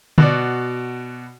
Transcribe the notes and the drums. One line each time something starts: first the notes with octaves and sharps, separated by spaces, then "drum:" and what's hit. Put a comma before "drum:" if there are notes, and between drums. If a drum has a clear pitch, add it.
B2 F#4 D5, drum: tom D3